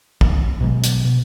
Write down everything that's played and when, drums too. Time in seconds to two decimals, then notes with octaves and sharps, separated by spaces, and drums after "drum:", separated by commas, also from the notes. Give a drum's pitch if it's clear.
0.21 C#2 D#3, drum: kick
0.61 B2 F#3 G#3
0.83 drum: hi-hat
1.05 B2